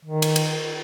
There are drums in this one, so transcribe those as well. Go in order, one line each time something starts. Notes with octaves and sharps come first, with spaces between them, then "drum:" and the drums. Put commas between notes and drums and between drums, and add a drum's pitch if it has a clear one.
D#3
drum: cymbal
drum: cymbal